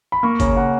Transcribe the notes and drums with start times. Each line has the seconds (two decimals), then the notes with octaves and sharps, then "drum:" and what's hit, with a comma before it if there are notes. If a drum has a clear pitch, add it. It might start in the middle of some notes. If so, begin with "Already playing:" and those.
0.12 B5
0.23 A#3 C#6
0.40 C#3 A#5, drum: kick, hi-hat
0.57 C#3 F#5